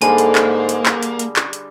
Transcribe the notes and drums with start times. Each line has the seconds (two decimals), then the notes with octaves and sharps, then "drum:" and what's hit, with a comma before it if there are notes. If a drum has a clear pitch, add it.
0.02 G#2 D3 G3 A#3 G#4 G#5, drum: hi-hat
0.18 drum: hi-hat
0.35 drum: clap
0.69 drum: hi-hat
0.86 drum: clap
1.03 drum: hi-hat
1.19 drum: hi-hat
1.36 drum: clap
1.53 drum: hi-hat